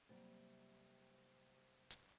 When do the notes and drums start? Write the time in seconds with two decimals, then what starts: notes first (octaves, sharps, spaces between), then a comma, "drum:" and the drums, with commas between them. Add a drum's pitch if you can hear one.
0.09 C3 F#3 G3 A#3
1.91 drum: hi-hat